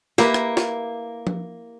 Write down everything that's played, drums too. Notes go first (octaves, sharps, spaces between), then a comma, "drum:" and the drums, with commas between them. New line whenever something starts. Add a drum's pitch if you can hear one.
A#3 E4 G4 B4, drum: snare
drum: rim click
drum: snare
drum: tom F3